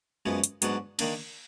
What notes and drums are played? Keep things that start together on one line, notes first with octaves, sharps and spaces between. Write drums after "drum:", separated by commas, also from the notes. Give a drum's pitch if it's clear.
F#2 F3 G#3 B3
drum: hi-hat
G#2 F#3 B3 D4, drum: hi-hat
D#3 A#3 D4, drum: cymbal